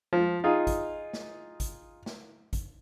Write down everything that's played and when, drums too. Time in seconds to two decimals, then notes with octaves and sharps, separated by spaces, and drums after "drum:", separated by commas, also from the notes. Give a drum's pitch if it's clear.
0.13 F3
0.44 D#4 F4 G#4
0.67 drum: kick, hi-hat
1.13 drum: snare
1.60 drum: kick, hi-hat
2.06 drum: snare
2.53 drum: kick, hi-hat